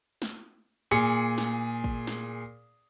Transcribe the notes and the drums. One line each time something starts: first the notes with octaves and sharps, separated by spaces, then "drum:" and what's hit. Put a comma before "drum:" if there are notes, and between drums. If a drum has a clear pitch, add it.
drum: snare
A#2 G#4 C#7
drum: snare
drum: kick
drum: snare